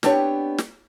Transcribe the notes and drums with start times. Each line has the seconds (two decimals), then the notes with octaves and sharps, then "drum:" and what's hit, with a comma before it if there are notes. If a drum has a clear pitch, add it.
0.03 B3 C4 D4 G4 B4 C#5, drum: snare
0.58 drum: snare